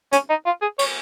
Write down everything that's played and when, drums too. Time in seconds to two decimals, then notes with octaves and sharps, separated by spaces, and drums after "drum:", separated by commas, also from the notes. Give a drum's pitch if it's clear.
0.12 C#4, drum: hi-hat
0.29 D#4
0.46 F4
0.62 G#4
0.79 C#5, drum: cymbal